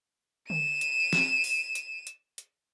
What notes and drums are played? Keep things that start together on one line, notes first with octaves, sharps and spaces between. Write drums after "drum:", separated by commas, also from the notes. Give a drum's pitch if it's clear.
D#7 E7, drum: tom D3
drum: hi-hat
drum: snare
drum: open hi-hat
drum: hi-hat
drum: hi-hat
drum: hi-hat